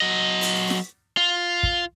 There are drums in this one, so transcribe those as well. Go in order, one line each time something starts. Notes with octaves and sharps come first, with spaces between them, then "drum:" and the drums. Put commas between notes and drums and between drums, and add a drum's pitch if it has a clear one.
F#3 D#5
drum: open hi-hat
drum: snare
F4
drum: kick